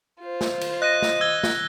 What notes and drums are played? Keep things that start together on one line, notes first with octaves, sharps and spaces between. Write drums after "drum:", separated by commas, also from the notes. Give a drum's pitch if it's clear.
F4 C5
drum: snare
drum: cymbal
D#5 F#6 A#6 D#7
drum: snare
E6 G#6 G7
drum: snare